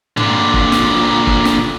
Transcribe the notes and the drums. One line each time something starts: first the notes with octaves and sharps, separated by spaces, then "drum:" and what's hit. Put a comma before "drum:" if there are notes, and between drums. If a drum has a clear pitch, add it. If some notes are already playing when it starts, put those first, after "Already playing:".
A#2 D3, drum: tom
drum: kick
drum: snare
drum: kick
drum: snare